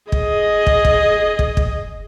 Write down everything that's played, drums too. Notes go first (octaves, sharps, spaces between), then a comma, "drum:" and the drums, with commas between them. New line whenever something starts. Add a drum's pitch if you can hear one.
G#4 D#5, drum: kick
drum: kick
drum: kick
drum: kick
drum: kick